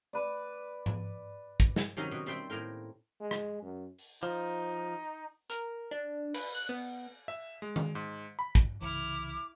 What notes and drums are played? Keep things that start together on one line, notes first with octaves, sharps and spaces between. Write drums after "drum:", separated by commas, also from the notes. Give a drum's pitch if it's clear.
B4 D5
drum: tom G#2
drum: kick
drum: snare
C3 D#3 F#3 C#4 D#4 C6
B2
G3 C4 C5 E5 G5
A2 A#3 A#4 G5
G#3
drum: rim click
F#2
drum: open hi-hat
F3 D#4
A#4, drum: hi-hat
D4
B4, drum: cymbal
F#6
B3
E5
G#3
drum: tom D#3
G#2
B5
drum: kick
C2 C#3 E3 E4 D6 F6